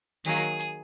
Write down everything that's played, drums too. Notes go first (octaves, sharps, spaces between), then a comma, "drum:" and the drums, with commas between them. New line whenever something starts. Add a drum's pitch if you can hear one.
D#3 F#3 A#3 G#4, drum: hi-hat
drum: hi-hat